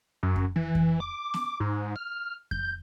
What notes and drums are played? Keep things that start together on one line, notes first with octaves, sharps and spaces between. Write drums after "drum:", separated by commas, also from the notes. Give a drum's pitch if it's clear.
F#2
drum: kick F2
E3
drum: kick F2
D6
drum: snare B3
G#2
F6
G6, drum: kick F2